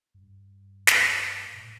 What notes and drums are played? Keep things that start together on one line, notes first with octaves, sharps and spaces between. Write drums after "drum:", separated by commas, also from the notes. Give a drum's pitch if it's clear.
G2
drum: snare
A#2
A2